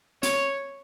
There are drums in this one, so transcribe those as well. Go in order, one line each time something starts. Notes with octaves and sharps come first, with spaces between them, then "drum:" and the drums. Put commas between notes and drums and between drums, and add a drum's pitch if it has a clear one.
C#5, drum: hi-hat